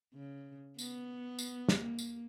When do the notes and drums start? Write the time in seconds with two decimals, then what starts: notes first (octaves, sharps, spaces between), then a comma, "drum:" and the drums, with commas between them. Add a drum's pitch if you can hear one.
0.14 C#3
0.79 B3, drum: tambourine
1.39 drum: tambourine
1.69 drum: snare
1.79 A#3
1.99 drum: tambourine